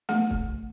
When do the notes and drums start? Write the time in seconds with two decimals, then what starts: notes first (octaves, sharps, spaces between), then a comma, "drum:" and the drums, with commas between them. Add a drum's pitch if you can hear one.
0.09 A3, drum: snare
0.30 drum: kick